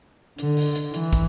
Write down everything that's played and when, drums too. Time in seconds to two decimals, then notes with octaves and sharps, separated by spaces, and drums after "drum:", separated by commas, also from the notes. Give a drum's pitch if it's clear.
0.38 D3, drum: hi-hat
0.57 drum: open hi-hat
0.76 drum: hi-hat
0.94 E3, drum: hi-hat
1.13 drum: kick, hi-hat